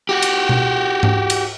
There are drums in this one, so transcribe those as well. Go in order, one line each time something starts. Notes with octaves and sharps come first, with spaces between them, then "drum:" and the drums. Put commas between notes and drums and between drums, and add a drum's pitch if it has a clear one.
F#4 G4
drum: cymbal
drum: tom B2
drum: tom G#2
drum: cymbal